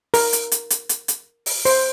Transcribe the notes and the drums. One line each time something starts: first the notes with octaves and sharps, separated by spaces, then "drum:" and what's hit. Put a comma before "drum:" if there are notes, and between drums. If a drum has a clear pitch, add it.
A#4, drum: open hi-hat
drum: hi-hat
drum: hi-hat
drum: hi-hat
drum: hi-hat
drum: hi-hat
drum: open hi-hat
C5, drum: open hi-hat